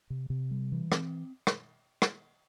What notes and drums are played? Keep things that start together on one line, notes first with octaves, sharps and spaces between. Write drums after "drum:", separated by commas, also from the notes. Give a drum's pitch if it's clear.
C3
C3
G3
E3
C4, drum: rim click
drum: rim click
drum: rim click